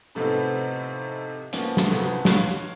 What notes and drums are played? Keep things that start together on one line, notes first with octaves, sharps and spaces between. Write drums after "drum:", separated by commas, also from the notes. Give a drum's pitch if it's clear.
A2 C3 F3 B3 C4 D#4
F3 A#3 B3 C#4, drum: hi-hat
drum: snare
C2 C#3 F3 F#3 B3
C#5 F5, drum: snare